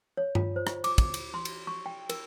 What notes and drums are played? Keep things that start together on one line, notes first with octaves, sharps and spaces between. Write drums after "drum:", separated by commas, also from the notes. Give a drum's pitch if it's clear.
C#5
F4, drum: tom G2
C5
drum: rim click
D6, drum: cymbal
drum: kick, cymbal
drum: cymbal
C6
drum: cymbal
C#6
G5
A#4, drum: cymbal